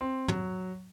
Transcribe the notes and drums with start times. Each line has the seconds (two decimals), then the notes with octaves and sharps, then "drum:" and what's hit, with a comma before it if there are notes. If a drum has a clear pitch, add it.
0.01 C4
0.28 F#3, drum: tom